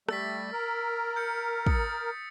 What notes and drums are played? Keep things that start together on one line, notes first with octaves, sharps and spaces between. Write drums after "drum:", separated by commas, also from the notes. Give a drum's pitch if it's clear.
G3 A3 E6 A6 B6, drum: rim click
A#4
G6 C#7
D#6 A6 C#7, drum: kick